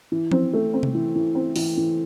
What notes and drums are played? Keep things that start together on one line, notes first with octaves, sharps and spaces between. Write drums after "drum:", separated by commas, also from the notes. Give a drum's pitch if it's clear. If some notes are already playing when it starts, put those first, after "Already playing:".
E3
C4, drum: tom F3
A3
C4
drum: tom C3
E3
E3
C4
E3, drum: open hi-hat
E3